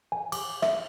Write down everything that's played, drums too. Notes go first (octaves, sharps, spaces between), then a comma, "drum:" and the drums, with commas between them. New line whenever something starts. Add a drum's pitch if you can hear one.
G#5
D6, drum: cymbal
E5, drum: rim click